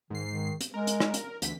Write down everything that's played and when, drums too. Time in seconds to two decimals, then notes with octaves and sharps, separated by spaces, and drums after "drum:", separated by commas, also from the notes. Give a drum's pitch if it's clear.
0.10 G#2 D#3 C7
0.28 D#3
0.61 drum: hi-hat
0.74 G#3 A#4
0.87 drum: hi-hat
1.00 drum: rim click
1.14 drum: hi-hat
1.42 D2 E3 B6, drum: hi-hat